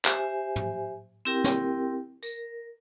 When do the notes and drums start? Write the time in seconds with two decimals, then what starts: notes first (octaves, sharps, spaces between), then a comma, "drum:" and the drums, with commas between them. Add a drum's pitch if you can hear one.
0.05 G4 C5 E5 G#5, drum: clap
0.56 drum: tom
1.25 C4 E4 G4 A#4 G5
1.44 drum: snare
2.23 A#4, drum: tambourine